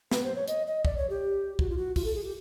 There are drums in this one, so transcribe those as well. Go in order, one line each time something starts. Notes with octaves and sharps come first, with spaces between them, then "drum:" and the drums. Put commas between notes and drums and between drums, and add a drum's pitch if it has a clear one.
B4, drum: snare
C5
C#5
D#5, drum: hi-hat
D#5
D5, drum: kick
C#5
G4
F#4, drum: kick
F4
F#4
F4, drum: kick, open hi-hat
A4
G#4
G4